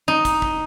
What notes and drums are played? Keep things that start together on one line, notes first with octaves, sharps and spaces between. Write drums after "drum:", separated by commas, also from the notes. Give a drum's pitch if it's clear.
D#4
drum: kick, hi-hat
drum: kick